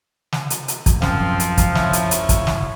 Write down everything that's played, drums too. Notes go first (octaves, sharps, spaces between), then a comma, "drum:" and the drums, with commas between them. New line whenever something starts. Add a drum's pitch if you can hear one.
drum: snare
drum: hi-hat
drum: hi-hat
drum: kick, hi-hat
F#2 F3 C4 F5, drum: snare
drum: hi-hat
drum: kick, hi-hat
E4 C#5, drum: snare
drum: hi-hat
drum: hi-hat
drum: kick, hi-hat
drum: snare